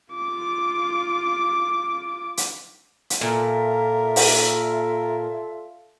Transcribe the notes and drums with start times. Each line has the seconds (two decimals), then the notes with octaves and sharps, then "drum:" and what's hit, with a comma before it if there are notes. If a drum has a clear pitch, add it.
0.14 F4 D6
2.37 drum: hi-hat
3.10 drum: hi-hat
3.21 A#2 F4 A4 A#4 E5
4.16 drum: open hi-hat